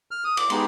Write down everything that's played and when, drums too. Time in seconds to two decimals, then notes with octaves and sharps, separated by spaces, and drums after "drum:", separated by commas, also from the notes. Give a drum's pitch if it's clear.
0.11 F6
0.24 D#6
0.37 D6, drum: cymbal
0.50 G#3 B3 D#4 G4 C6, drum: cymbal